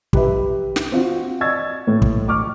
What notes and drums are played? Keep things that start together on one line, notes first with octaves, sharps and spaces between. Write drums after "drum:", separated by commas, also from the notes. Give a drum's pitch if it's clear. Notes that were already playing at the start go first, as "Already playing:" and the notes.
G4 B4 E5, drum: kick
drum: snare
C4 F4 F#4
D5 D#5 C#6 E6 G#6 A6
A2
drum: kick
C#6 D6 F6